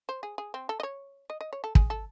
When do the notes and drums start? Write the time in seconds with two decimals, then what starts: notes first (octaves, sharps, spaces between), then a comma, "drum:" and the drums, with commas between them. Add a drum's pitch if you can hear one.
0.09 C5
0.23 G#4
0.38 G#4
0.54 C4
0.69 A4
0.80 D#5
0.83 C#5
1.30 D#5
1.41 D#5
1.53 C#5
1.64 A4
1.75 G#4, drum: kick
1.90 A4